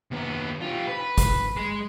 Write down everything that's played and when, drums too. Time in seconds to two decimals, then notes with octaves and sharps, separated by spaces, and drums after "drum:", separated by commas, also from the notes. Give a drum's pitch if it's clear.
0.11 D#2 B3
0.61 F4 G4
0.88 B4
1.18 drum: kick, hi-hat
1.57 G#3